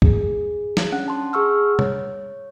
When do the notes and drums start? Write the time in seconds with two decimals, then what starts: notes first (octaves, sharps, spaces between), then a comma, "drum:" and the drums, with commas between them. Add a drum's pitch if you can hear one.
0.02 G#4, drum: kick
0.77 drum: snare
0.92 C#4 D4 F#5 F#6
1.08 A5 C6
1.33 G#4 F#5 C#6 E6 F6
1.79 C#5, drum: tom C3